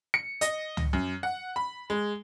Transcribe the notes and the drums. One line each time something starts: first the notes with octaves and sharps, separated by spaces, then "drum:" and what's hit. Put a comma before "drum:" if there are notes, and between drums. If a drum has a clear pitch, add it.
C#7
D#5, drum: hi-hat
drum: tom
F#2
F#5
B5
G#3